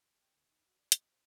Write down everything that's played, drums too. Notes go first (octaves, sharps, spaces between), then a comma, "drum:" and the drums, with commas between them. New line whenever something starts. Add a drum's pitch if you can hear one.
G5
D2
D#4
F#4
D5
D#5, drum: hi-hat
C5